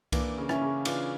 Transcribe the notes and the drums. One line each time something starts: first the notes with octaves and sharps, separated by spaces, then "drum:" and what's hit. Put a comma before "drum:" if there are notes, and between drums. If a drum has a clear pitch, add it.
E3 A#3 D4, drum: kick C2, cymbal
C#3
C#4 E4, drum: rim click
C#3
E3 D4 F4, drum: cymbal